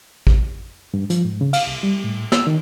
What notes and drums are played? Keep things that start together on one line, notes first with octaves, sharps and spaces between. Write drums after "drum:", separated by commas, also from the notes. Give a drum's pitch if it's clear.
drum: kick
G2
F3, drum: hi-hat
G#2
C#3
F5, drum: cymbal
C2
G3
A2
E6, drum: snare
D#3